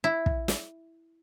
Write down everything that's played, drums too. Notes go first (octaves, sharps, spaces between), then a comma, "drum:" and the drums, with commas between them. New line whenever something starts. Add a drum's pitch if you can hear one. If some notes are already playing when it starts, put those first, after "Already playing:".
E4
drum: kick
drum: snare